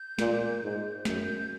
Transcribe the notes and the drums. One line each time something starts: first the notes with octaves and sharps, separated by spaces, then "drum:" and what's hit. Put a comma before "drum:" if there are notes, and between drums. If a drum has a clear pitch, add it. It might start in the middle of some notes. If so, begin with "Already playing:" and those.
Already playing: G6
A#2, drum: snare
G#2
F#2 G6, drum: snare